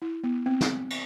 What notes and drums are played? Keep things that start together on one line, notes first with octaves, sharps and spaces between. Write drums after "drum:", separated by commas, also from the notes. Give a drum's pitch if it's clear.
E4
B3
C4
drum: snare
drum: cymbal